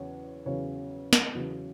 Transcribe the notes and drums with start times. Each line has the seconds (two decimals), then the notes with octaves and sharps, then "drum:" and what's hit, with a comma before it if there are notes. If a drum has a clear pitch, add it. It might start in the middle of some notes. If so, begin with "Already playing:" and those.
Already playing: E2 C#3 F#3 C#5
0.46 E2 C#3 F#3 C#5
1.13 drum: snare
1.35 E2 C#3 F#3